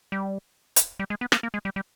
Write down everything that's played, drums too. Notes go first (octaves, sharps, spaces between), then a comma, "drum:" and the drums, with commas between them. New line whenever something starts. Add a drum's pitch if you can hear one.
G3
drum: hi-hat
G3
G#3
B3
A#3, drum: rim click
A#3
G#3
G3
G3